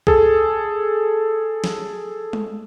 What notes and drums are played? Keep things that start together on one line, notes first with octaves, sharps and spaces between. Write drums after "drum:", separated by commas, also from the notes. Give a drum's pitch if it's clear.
G#4 A4, drum: kick C2
drum: snare
drum: tom G#3